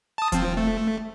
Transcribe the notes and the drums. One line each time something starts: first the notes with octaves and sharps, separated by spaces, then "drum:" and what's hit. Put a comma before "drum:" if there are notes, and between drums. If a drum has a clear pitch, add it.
A5 D#6
F3 C4, drum: kick E1, hi-hat
A3